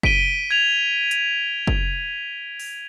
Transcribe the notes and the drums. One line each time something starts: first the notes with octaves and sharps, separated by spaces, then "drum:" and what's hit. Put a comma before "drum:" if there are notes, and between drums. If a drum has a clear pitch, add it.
B6 D7 D#7 G7, drum: kick F#1
G#6 F7
drum: hi-hat
drum: kick F#1
drum: open hi-hat